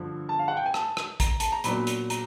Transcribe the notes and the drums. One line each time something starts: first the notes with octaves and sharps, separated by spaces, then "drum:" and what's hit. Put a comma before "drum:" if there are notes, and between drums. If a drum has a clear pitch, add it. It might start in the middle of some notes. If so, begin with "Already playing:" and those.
Already playing: G2 D3 F3
A5
F5
F#5
G5
G#5
A5, drum: rim click
drum: rim click
A#5, drum: kick A1, hi-hat
A5, drum: hi-hat
A#5
A#2 F#3 B3 D4 B5, drum: hi-hat
drum: hi-hat
A#5, drum: hi-hat